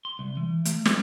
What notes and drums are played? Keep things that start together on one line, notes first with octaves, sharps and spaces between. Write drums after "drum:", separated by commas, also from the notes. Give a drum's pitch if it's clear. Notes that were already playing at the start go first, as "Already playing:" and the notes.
C6
C2
E3
A3, drum: hi-hat
F3, drum: snare